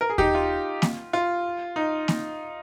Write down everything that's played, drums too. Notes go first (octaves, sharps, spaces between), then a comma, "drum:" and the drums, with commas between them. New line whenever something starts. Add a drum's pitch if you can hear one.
A#4
G#4
D#4 G4, drum: kick D#2
F4
drum: snare A#3
F4
D#4
drum: snare A#3